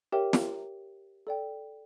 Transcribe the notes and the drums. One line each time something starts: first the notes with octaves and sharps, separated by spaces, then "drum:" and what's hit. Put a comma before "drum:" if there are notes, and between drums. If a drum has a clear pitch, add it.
G4 A#4 C#5 E5 G5
drum: snare
A4 D5 G5